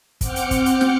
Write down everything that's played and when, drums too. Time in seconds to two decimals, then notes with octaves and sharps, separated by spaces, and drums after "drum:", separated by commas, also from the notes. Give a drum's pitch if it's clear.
0.21 C4 F#5 D6 F6 G6 C#7, drum: kick, hi-hat
0.36 drum: hi-hat
0.51 drum: kick, hi-hat
0.66 drum: hi-hat
0.81 drum: snare